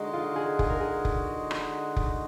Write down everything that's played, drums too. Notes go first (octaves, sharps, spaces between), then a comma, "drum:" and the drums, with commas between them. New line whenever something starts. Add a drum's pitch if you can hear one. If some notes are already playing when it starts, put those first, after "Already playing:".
Already playing: D3 G#3 D#4 F#4 D#5
F4
G#4
G#4, drum: kick F1
A#4
G#4
drum: kick F1
drum: rim click
drum: kick F1